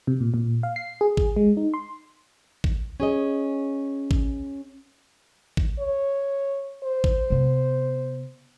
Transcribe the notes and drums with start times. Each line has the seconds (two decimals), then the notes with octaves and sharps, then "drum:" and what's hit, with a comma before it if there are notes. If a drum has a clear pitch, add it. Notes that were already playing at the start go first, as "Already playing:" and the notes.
0.07 C3
0.20 A#2
0.34 A#2
0.63 F5
0.76 C7
1.01 G#4
1.17 drum: kick G#1
1.36 G#3
1.57 D#4
1.74 C6
2.64 drum: kick G#1
3.00 C#4 G#4 D#5
4.11 drum: kick G#1
5.57 drum: kick G#1
5.79 C#5
6.83 C5
7.04 drum: kick G#1
7.30 C3 B3